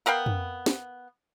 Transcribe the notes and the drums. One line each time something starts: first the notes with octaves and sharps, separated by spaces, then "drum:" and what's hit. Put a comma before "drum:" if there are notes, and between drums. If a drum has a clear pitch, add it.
B3 A#4 F5 G5
drum: tom
drum: snare